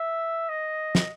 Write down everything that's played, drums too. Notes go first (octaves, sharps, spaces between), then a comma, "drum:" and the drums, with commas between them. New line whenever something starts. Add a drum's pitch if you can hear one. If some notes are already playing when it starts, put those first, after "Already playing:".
Already playing: E5
D#5
drum: snare